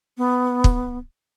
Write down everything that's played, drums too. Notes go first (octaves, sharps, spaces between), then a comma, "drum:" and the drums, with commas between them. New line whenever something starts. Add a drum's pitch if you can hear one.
B3
drum: kick